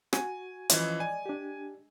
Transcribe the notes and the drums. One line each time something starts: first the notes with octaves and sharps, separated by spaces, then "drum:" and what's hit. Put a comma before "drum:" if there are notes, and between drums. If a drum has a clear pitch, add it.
F#4 G#5, drum: rim click
E3 F3 G#3 C#4, drum: hi-hat
D5 G#5
D4 G4